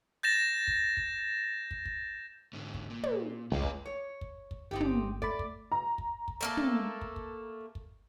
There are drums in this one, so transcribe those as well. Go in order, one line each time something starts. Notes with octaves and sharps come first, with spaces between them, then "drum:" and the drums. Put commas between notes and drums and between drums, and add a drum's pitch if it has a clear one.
G6 A6 A#6 E7
drum: kick
drum: kick
drum: kick
drum: kick
G#2 D3
drum: kick
A#2
drum: tom
C#2 A3 F5
drum: kick
C#5
drum: kick
drum: kick
G1 C4 D#4 G4
drum: tom
A3 D5 B5, drum: kick
drum: kick
A#5
drum: kick
drum: kick
A3 A#3 A4
drum: tom
drum: kick
drum: kick
drum: kick